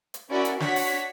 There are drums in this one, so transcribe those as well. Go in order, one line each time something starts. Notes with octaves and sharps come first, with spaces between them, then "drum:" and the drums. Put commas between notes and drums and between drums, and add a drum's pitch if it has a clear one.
drum: hi-hat
C#4 E4 F#4 A#4 D5
drum: hi-hat
D4 F#4 C#5 F#5 B6, drum: snare
drum: open hi-hat